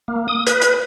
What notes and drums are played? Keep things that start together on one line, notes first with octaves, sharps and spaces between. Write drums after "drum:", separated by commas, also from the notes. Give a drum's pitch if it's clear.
A#3
D#6
B4, drum: hi-hat
drum: hi-hat